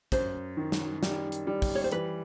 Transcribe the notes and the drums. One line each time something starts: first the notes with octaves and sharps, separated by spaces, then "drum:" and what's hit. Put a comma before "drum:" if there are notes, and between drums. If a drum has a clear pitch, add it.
F#2 C5, drum: kick, hi-hat
D#3
drum: snare
G3, drum: snare
drum: hi-hat
G3
drum: kick, open hi-hat
C#5
C5
E3 B4, drum: hi-hat